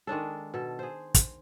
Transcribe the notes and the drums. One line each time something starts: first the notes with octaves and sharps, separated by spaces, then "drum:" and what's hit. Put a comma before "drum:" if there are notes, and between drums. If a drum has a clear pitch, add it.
D#3 G#3 D4 A4
B2 A4
G#4 C5
drum: kick, hi-hat